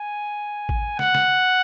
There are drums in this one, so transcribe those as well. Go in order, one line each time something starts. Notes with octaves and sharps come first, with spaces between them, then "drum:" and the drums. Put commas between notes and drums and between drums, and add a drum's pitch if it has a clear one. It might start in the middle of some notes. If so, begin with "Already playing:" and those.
Already playing: G#5
drum: kick A1
F#5, drum: snare
drum: snare